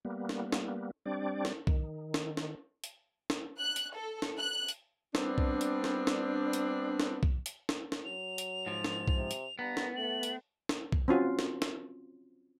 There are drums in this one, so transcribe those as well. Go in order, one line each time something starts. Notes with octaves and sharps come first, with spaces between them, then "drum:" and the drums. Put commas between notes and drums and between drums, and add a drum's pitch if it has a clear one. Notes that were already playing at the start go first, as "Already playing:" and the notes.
G3 A#3 B3
drum: snare
drum: snare
G3 C4 D4 D5
drum: snare
D#3, drum: kick B1
drum: snare
drum: snare
drum: hi-hat
drum: snare
F#6
drum: hi-hat
A4
drum: snare
F#6
drum: hi-hat
G3 B3 C4 D4, drum: snare
drum: kick B1
drum: hi-hat
drum: snare
drum: snare
drum: hi-hat
drum: snare
drum: kick B1
drum: hi-hat
drum: snare
drum: snare
F#3 F7
drum: hi-hat
G#2 F3
drum: snare
drum: kick B1
C3
drum: hi-hat
G2 B3 A#5
drum: snare
A3 F#7
drum: hi-hat
drum: snare
drum: kick B1
C4 C#4 F4 F#4
drum: snare
drum: snare